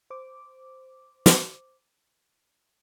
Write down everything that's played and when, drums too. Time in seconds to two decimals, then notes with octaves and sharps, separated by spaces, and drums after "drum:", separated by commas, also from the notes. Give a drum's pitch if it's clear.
0.10 C5 D6
1.26 drum: snare